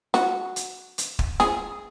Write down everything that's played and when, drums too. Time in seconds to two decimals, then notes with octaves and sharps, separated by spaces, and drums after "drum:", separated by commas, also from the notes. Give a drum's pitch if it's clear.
0.14 F#4, drum: snare
0.56 drum: hi-hat
0.98 drum: hi-hat
1.19 drum: kick
1.40 G#4, drum: snare